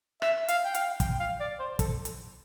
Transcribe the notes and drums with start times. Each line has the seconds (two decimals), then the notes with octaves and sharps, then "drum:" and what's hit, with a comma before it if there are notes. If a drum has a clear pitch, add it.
0.22 E5, drum: rim click
0.48 F5, drum: hi-hat
0.65 G5
0.75 F5, drum: hi-hat
1.00 G5, drum: kick, hi-hat
1.20 F5
1.40 D5
1.59 C5
1.79 A4, drum: kick, hi-hat
2.05 drum: hi-hat